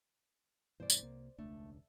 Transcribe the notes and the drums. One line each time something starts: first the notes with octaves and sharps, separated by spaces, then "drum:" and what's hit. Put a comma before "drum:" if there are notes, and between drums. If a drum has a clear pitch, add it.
G2 B2 E3 C5 D5
drum: tambourine
C2 C3 A#3
E1 C#2 A3 D4